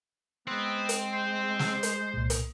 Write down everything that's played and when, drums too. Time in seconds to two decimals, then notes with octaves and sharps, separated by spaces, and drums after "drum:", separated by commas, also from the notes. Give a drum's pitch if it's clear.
0.47 G#3 B3 C4
0.89 drum: hi-hat
1.12 C5
1.59 drum: snare
1.83 drum: hi-hat
2.14 C2 A#2
2.30 drum: hi-hat